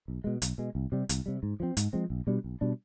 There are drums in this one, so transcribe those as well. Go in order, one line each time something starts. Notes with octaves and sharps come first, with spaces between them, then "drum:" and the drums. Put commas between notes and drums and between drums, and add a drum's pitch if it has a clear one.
B1
B2 G#3
B1, drum: hi-hat
B2 G#3
C2
C3 G3
C2, drum: hi-hat
C3 G3
G#2
F3 G#3 C4
G#2, drum: hi-hat
F3 G#3 C4
B1
B2 G3 D4
B1
B2 G3 D4